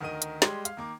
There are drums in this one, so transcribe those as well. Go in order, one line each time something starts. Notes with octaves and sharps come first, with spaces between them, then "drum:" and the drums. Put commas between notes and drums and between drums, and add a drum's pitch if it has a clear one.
D2 D#3 A#4 D#5 D#7
drum: hi-hat
G3 G#3 G4 C6 G#6, drum: snare
F5, drum: hi-hat
D#3 A#3 D6